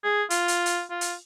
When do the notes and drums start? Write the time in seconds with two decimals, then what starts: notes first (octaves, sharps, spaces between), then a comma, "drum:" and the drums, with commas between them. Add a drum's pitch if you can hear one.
0.04 G#4
0.30 F4, drum: hi-hat
0.48 drum: hi-hat
0.66 drum: hi-hat
0.90 F4
1.01 drum: hi-hat